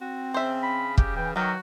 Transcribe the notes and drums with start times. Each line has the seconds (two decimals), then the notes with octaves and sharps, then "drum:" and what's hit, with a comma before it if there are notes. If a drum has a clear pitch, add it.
0.01 C4 F#4
0.34 C#3 C5 E5
0.63 B5
0.98 G4, drum: kick
1.16 E3 G5
1.36 D#3 E3 F#3 F#4 G5